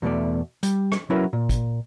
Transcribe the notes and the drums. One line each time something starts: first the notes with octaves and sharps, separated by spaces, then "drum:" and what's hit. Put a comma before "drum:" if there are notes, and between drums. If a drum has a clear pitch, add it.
E2 B2 E3 A3 D5
G3, drum: hi-hat
drum: rim click
F#3 C#4 E4 A#4 B4
A#2
drum: kick, hi-hat